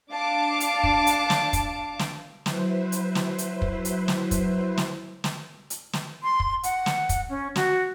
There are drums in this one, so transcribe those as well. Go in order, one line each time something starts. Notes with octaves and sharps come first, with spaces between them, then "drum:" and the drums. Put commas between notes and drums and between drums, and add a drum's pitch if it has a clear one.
D4 F5 A5 D6
drum: hi-hat
drum: kick
drum: hi-hat
drum: snare
drum: kick, hi-hat
drum: snare
F#3 E4 B4 C5, drum: snare
drum: hi-hat
drum: snare
drum: hi-hat
drum: kick
drum: hi-hat
drum: snare
drum: kick, hi-hat
drum: snare
drum: snare
drum: hi-hat
drum: snare
C6
drum: kick
F#5, drum: hi-hat
drum: snare
drum: kick, hi-hat
C#4
F#4, drum: snare